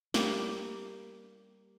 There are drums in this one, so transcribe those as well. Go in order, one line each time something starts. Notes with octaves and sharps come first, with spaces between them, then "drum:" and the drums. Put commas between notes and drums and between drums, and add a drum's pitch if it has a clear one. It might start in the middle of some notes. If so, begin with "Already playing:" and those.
G3 A#3 G4, drum: snare